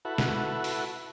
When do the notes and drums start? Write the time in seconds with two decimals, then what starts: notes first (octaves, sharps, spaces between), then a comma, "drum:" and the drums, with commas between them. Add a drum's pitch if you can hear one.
0.05 E4 F#4 A4 B4 E5 F#5
0.18 drum: snare
0.64 drum: open hi-hat